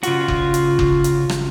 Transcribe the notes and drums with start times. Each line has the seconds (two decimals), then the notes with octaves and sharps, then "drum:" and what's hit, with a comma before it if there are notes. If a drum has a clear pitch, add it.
0.03 C#3 F4 F#4, drum: hi-hat
0.28 drum: kick F#1
0.54 drum: hi-hat
0.79 drum: kick F#1
1.04 drum: hi-hat
1.29 drum: rim click